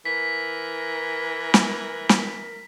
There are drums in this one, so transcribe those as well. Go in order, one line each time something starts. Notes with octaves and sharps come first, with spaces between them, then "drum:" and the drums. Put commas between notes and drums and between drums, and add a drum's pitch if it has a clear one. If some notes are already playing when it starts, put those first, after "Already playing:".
E3 A#4 B6
drum: snare
drum: snare